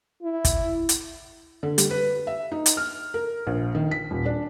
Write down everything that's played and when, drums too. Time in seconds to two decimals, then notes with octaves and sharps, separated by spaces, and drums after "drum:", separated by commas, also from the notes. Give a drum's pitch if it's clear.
0.22 E4
0.45 drum: kick, hi-hat
0.89 drum: hi-hat
1.63 D3
1.78 G3, drum: hi-hat
1.91 B4
2.27 E5
2.52 D#4
2.66 drum: hi-hat
2.77 F6
3.14 A#4
3.47 A#1
3.75 D#3
3.91 B6
4.11 D#1
4.26 D4